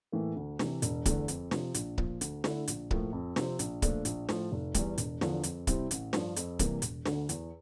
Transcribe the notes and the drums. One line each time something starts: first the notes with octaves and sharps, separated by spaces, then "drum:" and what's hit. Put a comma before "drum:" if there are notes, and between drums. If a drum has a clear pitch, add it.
A2 E3 A#3
D2
C3 E3, drum: snare
E1, drum: hi-hat
E2 D3 A3, drum: kick C#1, hi-hat
F2, drum: hi-hat
C3 F3, drum: snare
A#1, drum: hi-hat
A#2 F3, drum: kick C#1
D2, drum: hi-hat
D3 A3 E4, drum: snare
A#1, drum: hi-hat
A2 F3 A#3, drum: kick C#1
F2
C3 F3 C4, drum: snare
A#1, drum: hi-hat
A#2 F3 A3 D4, drum: kick C#1, hi-hat
A#1, drum: hi-hat
A2 F3, drum: snare
F1
E2 E3 G3, drum: kick C#1, hi-hat
E1, drum: hi-hat
E2 D3 F3, drum: snare
F2, drum: hi-hat
C3 G3 C4 E4, drum: kick C#1, hi-hat
A1, drum: hi-hat
G2 F3, drum: snare
F2, drum: hi-hat
C3 E3 G3 A#3, drum: kick C#1, hi-hat
E1, drum: hi-hat
D2 D3, drum: snare
E2, drum: hi-hat